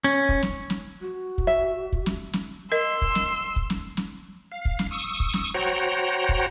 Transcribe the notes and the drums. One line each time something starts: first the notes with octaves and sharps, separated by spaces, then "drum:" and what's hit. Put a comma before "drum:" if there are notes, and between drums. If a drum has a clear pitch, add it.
C#4
drum: kick
drum: snare
drum: snare
F#4
drum: kick
E5
drum: kick
drum: snare
drum: snare
A#4 D#5 C6 E6
drum: kick
drum: snare
drum: kick
drum: snare
drum: snare
F5
drum: kick
drum: snare
C#6 D#6 E6
drum: kick
drum: snare
F#4 C5 C#5 F#5 G5 A#5
drum: kick